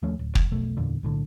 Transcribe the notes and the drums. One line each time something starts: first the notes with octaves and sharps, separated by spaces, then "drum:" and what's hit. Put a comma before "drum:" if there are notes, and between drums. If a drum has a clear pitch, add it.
D#2 F3 A3 C#4
D1
F1, drum: kick
F1 B1 B2 A3
F#1 E2 A#2 D3
B1 A2 D3